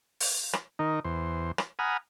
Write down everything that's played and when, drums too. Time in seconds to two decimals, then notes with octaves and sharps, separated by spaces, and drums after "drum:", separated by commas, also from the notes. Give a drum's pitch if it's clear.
0.20 drum: open hi-hat
0.53 drum: rim click
0.79 D#3 D#4 A#4
1.05 E2 C5
1.58 drum: rim click
1.79 F#5 G#5 A#5 B5 D#6 F6